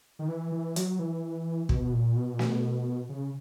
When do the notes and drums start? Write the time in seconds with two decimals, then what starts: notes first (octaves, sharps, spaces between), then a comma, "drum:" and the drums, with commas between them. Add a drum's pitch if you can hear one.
0.19 D#3
0.28 E3
0.52 E3
0.76 F#3, drum: hi-hat
0.99 E3
1.69 B2, drum: kick
1.93 A#2
2.16 B2
2.33 A#2
2.39 B2, drum: snare
3.09 C#3